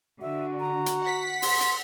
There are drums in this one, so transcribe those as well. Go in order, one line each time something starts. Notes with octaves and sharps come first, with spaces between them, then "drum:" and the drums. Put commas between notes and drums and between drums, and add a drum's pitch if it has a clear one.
D3 F#4 E5
A#5
drum: hi-hat
F#5 B6
C6, drum: open hi-hat
drum: hi-hat